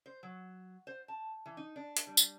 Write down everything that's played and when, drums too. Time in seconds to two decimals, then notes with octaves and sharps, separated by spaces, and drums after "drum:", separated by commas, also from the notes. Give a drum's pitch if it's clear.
0.06 C5
0.23 F#3
0.87 C5
1.08 A5
1.46 E3
1.57 D#4
1.76 D4
1.97 drum: hi-hat
2.07 G3
2.17 drum: tambourine